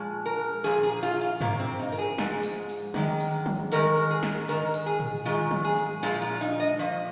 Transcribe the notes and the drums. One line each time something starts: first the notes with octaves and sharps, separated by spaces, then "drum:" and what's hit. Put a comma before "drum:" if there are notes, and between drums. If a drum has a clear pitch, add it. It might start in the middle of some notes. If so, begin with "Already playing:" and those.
Already playing: A#2 F3 G#3
A#4
A#2 F3 G#4, drum: tambourine
G#4
F4
F4
G#2 F3 A#3, drum: tom G2
C4
D#4
A#4, drum: tambourine
G#4
G#2 F3 G#3, drum: snare
drum: tambourine
drum: tambourine
G#2 D#3 G#3, drum: tom
drum: tambourine
drum: tom
G#2 D#3 G#3 A#4, drum: tambourine
drum: tambourine
G#4
drum: snare
G#2 D#3 G#3 A#4, drum: tambourine
drum: tambourine
G#4
drum: tom A2
G#2 D#3 G#3 F4, drum: tambourine
drum: tom
G#4
drum: tambourine
A#2 F3 G#3 F4, drum: tambourine
F4
D#4
D#5
A#2 F3 D#5, drum: tambourine